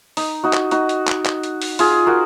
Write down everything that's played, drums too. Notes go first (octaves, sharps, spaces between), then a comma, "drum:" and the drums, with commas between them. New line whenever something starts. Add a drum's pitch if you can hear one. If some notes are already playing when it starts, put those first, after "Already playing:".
D#4, drum: open hi-hat
D#4 F#4
drum: clap
D#4 F#4, drum: hi-hat
drum: hi-hat
drum: clap
drum: clap
drum: hi-hat
drum: open hi-hat
F4 G#4, drum: open hi-hat
F#4 A#4